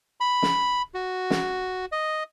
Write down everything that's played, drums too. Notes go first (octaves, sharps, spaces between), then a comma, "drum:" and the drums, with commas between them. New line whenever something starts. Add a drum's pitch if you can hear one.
B5
drum: snare
F#4
drum: snare
D#5